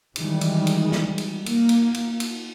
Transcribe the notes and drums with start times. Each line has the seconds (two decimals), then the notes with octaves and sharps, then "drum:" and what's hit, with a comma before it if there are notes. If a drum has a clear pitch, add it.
0.16 D#3 E3 G3 G#3, drum: cymbal
0.41 drum: cymbal
0.67 drum: cymbal
0.92 drum: snare
1.18 drum: cymbal
1.46 A#3, drum: cymbal
1.69 drum: cymbal
1.94 drum: cymbal
2.20 drum: cymbal